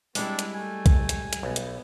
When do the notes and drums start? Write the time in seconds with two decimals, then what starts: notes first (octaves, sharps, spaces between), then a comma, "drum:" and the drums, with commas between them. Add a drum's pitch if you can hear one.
0.15 G3 G#3 C4 D4 E4, drum: open hi-hat
0.39 drum: hi-hat
0.55 A3 G#5
0.86 drum: kick C2, hi-hat
1.09 drum: hi-hat
1.33 drum: hi-hat
1.43 B1 B3
1.56 drum: hi-hat